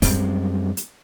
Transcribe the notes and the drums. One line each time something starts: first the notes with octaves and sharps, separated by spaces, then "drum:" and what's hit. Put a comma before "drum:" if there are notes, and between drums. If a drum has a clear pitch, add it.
F#2 G3 G#3 C4, drum: kick, open hi-hat
drum: hi-hat